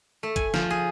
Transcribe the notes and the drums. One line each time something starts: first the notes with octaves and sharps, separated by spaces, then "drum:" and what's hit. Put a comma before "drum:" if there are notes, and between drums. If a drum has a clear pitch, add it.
A3
G#5, drum: kick, hi-hat
F3, drum: snare
G#4